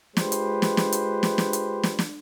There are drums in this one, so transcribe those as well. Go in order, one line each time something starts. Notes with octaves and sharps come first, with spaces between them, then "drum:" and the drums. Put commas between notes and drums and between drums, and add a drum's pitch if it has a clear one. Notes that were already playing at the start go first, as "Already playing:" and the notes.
G#3 F4 G4 B4 C5, drum: snare
drum: hi-hat
drum: snare
drum: snare
drum: hi-hat
drum: snare
drum: snare
drum: hi-hat
drum: snare
drum: snare